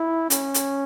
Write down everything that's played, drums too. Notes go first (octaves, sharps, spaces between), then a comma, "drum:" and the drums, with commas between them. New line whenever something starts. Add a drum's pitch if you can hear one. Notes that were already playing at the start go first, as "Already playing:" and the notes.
Already playing: E4
C#4, drum: hi-hat
drum: hi-hat